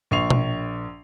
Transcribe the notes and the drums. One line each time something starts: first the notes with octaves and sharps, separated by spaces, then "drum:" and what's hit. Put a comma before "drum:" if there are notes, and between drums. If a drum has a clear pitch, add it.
A#1 C#6 C7 F7
drum: tom B2